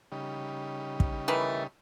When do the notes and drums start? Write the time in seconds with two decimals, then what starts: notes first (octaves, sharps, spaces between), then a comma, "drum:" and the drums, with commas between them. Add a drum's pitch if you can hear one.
0.12 C#3 G3 D#4
1.00 drum: kick
1.28 D#3 E3 A3